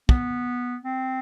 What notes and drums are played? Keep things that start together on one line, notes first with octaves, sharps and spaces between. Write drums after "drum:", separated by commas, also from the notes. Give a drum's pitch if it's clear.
B3, drum: kick
C4